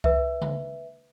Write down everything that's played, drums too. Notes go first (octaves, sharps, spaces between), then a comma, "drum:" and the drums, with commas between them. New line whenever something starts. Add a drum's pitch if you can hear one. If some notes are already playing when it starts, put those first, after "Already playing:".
B4 E5, drum: kick C#2
drum: tom C#3